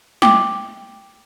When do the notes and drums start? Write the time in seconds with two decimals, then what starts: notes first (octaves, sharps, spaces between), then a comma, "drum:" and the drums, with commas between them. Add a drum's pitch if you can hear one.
0.22 G5 D6, drum: snare